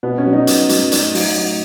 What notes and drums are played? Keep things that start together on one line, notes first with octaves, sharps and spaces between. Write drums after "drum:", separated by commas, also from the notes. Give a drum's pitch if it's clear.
B2 B3
C#4
F#3
D#4
B2, drum: hi-hat
F#3, drum: hi-hat
A2 D#4, drum: hi-hat
F#3, drum: open hi-hat
A2